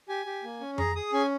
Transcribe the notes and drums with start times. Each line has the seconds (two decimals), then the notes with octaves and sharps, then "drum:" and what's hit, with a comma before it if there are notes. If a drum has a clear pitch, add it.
0.09 G4 G#5
0.26 G4
0.44 A#3
0.61 C#4
0.78 G#4 A#5, drum: tom F2
0.96 G#4 D#6
1.13 C#4 G#5